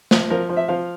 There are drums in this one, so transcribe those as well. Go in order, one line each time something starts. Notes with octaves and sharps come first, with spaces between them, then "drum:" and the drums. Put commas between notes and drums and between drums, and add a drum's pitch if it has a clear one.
F3, drum: snare
F3 A#4
F3
E5
F3 F5